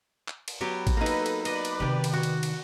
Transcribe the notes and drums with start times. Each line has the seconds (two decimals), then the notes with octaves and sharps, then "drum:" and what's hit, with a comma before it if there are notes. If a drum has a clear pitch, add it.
0.28 drum: clap
0.48 drum: cymbal
0.61 F#3 B3 G4
0.87 drum: kick A1, cymbal
0.97 A#3 D#4 A4 B4
1.06 drum: cymbal
1.26 drum: cymbal
1.45 B4 D5 D#5, drum: cymbal
1.65 drum: cymbal
1.80 C3 D#3 G4
2.04 drum: cymbal
2.13 F#4
2.23 drum: cymbal
2.43 drum: cymbal